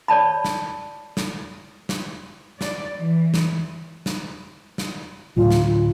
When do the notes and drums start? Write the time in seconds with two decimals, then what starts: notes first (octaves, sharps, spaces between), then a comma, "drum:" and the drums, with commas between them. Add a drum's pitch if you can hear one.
0.08 C#5 D5 A5 B5
0.45 drum: snare
1.17 drum: snare
1.89 drum: snare
2.61 D5, drum: snare
2.98 E3
3.34 drum: snare
4.06 drum: snare
4.78 drum: snare
5.37 D2 A2 F#3 F4
5.51 drum: snare